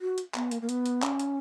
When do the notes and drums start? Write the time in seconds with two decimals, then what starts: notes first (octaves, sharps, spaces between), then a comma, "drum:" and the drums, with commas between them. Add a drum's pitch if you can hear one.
0.01 F#4
0.18 drum: hi-hat
0.35 B3, drum: clap
0.51 A#3, drum: hi-hat
0.62 A#3
0.69 B3, drum: hi-hat
0.86 drum: hi-hat
1.03 C#4, drum: clap
1.19 drum: hi-hat